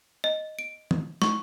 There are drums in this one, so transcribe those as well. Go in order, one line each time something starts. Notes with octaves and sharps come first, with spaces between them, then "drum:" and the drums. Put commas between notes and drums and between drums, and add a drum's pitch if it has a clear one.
D#5
D7
drum: tom
C#6, drum: snare